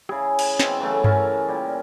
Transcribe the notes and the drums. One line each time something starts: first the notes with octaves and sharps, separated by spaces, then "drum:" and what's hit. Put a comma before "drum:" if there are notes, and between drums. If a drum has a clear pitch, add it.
C#3 E4 G#4, drum: rim click
G#5, drum: cymbal
B2 C4 E4, drum: snare
C#3 E3 F#3 A3
C#4 A4 A#4, drum: tom G2
A#2 G3